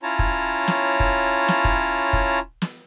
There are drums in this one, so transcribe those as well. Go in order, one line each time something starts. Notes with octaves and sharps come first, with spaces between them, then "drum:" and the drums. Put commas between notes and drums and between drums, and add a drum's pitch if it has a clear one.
C#4 E4 F4 C#5 A5 A#5
drum: kick
drum: snare
drum: kick
drum: snare
drum: kick
drum: kick
drum: snare